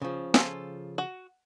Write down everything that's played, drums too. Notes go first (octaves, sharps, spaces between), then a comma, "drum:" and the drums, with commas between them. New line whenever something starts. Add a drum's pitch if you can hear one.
C#3 F3
F4 A4 G#5, drum: snare
F#4